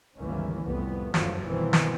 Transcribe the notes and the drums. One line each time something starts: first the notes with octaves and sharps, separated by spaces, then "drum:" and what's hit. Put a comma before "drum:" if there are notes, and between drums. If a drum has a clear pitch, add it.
G1 C#2 D#3 E3 A#3 C#4
C2 F2 A2 B3
F#1 D2 G2 F3 F#3 A3, drum: snare
G1 B2 D#3 E3 A#3 C4
drum: snare